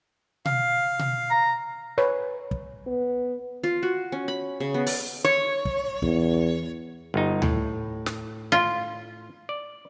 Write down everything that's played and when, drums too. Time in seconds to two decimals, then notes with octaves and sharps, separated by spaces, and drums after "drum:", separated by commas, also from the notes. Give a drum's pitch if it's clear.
0.45 F5, drum: tom B2
0.99 drum: tom B2
1.31 A#5
1.98 B4 C#5, drum: rim click
2.51 drum: kick
2.87 B3
3.64 F4
3.83 F#4
4.12 C#4
4.28 B5
4.60 C#3
4.74 B3
4.87 D5, drum: open hi-hat
5.24 C#5
5.65 drum: kick
6.02 E2, drum: kick
7.14 G1 D#4
7.42 A2, drum: tom D2
8.06 drum: snare
8.52 F4
9.49 D5